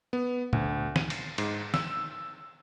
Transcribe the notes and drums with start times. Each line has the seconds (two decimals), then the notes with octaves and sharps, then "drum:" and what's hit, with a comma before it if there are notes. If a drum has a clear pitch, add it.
0.13 B3
0.53 D2, drum: tom
0.96 D#7, drum: snare
1.10 drum: cymbal
1.38 G#2, drum: cymbal
1.74 E6, drum: snare